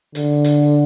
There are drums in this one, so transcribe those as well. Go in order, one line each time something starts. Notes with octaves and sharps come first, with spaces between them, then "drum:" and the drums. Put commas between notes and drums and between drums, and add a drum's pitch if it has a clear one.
D3, drum: hi-hat
drum: hi-hat